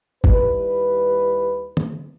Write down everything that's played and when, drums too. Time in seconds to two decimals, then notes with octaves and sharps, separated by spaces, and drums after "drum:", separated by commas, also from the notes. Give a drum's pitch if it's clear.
0.24 D#2 G3 E4 B4, drum: kick G1
1.77 drum: tom